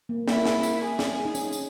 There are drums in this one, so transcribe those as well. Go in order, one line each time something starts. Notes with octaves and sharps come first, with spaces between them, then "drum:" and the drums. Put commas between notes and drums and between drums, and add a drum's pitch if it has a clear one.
A#3
A#3 E4, drum: snare
drum: snare
drum: tambourine
G#4
drum: snare
D#4
C#4, drum: tambourine
drum: tambourine